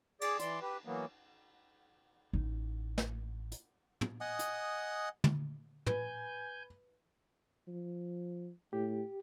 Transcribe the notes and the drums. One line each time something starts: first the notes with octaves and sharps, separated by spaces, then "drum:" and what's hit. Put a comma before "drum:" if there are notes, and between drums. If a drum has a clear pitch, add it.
G#4 D5 D6, drum: cymbal
E3 D5 C6, drum: hi-hat
G4 B4
E3 F#3 A#3 B3
A1 D#4
drum: snare
drum: hi-hat
drum: tom
D#5 F#5 G#5 D#6
drum: hi-hat
drum: tom
B4 G#5 G6, drum: tom
F3
A2 G4